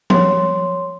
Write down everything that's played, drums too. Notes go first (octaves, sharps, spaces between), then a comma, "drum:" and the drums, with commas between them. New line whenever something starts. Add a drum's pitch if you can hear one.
C#5 C6, drum: tom F3